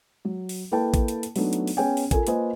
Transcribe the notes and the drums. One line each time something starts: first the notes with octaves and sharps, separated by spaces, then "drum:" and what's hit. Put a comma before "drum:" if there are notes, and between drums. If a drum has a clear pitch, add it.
F#3
drum: open hi-hat
A#3 E4 A4 B4 G5 A5
drum: kick A1, hi-hat
drum: hi-hat
drum: hi-hat
F#3 A3 B3 D4 D#4, drum: open hi-hat
drum: hi-hat
drum: open hi-hat
B3 C#4 G#4 G5 G#5
drum: open hi-hat
F4 A4 A#4 G#5, drum: kick A1, hi-hat
A#3 F4 B4 C5 D#5 G#5, drum: hi-hat